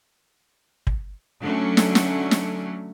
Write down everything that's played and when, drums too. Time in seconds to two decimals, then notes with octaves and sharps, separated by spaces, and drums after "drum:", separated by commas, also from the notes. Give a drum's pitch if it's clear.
0.87 drum: kick
1.41 D3 F#3 A3 C#4
1.77 drum: snare
1.95 drum: snare
2.31 drum: snare